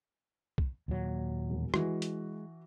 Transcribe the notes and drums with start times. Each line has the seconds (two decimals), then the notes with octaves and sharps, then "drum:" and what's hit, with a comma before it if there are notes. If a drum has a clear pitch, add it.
0.58 drum: kick
0.88 D#2 A#2 F#3
1.50 E1
1.74 E3 G#3 F#4, drum: rim click
2.02 drum: hi-hat